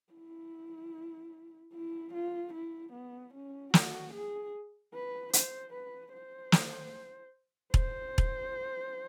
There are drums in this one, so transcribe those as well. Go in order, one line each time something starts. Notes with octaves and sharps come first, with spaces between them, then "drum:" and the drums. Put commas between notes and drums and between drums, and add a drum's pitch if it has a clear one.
E4
E4
F4
E4
B3
C#4
F#4, drum: snare
G#4
B4
C5, drum: hi-hat
B4
C5
drum: snare
C5, drum: kick E1
drum: kick E1